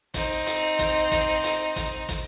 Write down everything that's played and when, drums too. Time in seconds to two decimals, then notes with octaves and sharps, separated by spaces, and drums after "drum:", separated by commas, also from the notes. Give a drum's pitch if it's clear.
0.14 C4 D#4, drum: kick, hi-hat
0.47 drum: hi-hat
0.79 drum: kick, hi-hat
1.11 drum: kick, hi-hat
1.44 drum: hi-hat
1.76 drum: kick, hi-hat
2.09 drum: kick, hi-hat